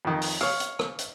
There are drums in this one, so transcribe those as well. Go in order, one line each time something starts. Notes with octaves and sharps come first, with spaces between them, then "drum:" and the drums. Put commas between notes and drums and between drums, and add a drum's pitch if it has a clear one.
F2 D#3
drum: open hi-hat
C#5 F5, drum: rim click
drum: hi-hat
drum: rim click
drum: hi-hat